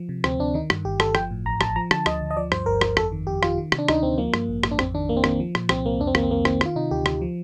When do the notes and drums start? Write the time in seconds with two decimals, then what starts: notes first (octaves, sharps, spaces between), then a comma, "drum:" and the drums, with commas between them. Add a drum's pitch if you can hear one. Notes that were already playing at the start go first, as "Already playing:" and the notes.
Already playing: F3
0.09 C3
0.24 D2 C4, drum: rim click
0.39 D2 D4
0.54 D#3 D#4
0.70 G2, drum: rim click
0.85 G1 G4
1.00 G1 A4, drum: rim click
1.15 F3 G5, drum: rim click
1.31 A2
1.45 A1 A#5
1.61 A1 A5, drum: rim click
1.76 F3 A#5
1.91 D3 A5, drum: rim click
2.06 D2 D#5, drum: rim click
2.21 D2
2.31 D#5
2.37 F3 D5
2.52 G2 C5, drum: rim click
2.66 G1 A#4
2.81 G1, drum: rim click
2.97 F2 A4, drum: rim click
3.12 D#3
3.27 F2 G4
3.43 D#3 F4, drum: rim click
3.58 D#3
3.72 C3, drum: rim click
3.78 D4
3.88 D2 D#4, drum: rim click
4.03 D2 C4
4.18 F3 A#3
4.34 G2, drum: rim click
4.49 A1
4.63 A1, drum: rim click
4.71 D4
4.79 F2 C4, drum: rim click
4.94 D#3 D4
5.09 F2 A#3
5.17 C4
5.24 D#3 A#3, drum: rim click
5.40 F3
5.55 A#2, drum: rim click
5.69 C2 C4, drum: rim click
5.85 C2 A#3
6.00 F2 D4
6.07 C4
6.15 D#3 A#3, drum: rim click
6.23 C4
6.30 F2 A#3
6.45 D#3 C4, drum: rim click
6.61 D#3 F4, drum: rim click
6.76 C3 D#4
6.91 D2 G4
7.06 D2, drum: rim click
7.21 F3